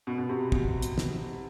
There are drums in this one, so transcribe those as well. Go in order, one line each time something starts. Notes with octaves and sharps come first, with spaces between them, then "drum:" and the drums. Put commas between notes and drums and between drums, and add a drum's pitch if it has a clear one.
B2
B2
C3
B2, drum: kick
drum: hi-hat
drum: snare